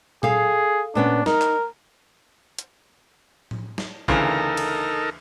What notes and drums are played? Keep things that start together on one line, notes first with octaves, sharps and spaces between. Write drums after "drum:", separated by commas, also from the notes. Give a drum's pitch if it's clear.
G#4 A4 F5, drum: tom A#2
A#2 B3 C#4 D4
D#4 A#4, drum: snare
drum: clap
drum: hi-hat
drum: tom A2
drum: snare
D2 C#3 E3 D#4 A4 A#4, drum: kick
drum: cymbal